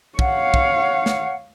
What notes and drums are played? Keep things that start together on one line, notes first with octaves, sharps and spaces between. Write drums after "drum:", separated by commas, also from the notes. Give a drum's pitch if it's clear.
C#5 F5 F#5, drum: kick
drum: kick
drum: snare